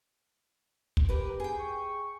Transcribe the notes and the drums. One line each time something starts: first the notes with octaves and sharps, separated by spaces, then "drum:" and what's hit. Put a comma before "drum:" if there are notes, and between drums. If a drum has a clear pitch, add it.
drum: kick
G4 A#4 B4
G#4 G5
C#6